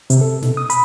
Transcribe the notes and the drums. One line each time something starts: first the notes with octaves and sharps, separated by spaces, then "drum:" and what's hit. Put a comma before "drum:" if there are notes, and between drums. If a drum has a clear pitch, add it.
C3, drum: hi-hat
A4
B2, drum: snare
D#6
B5, drum: hi-hat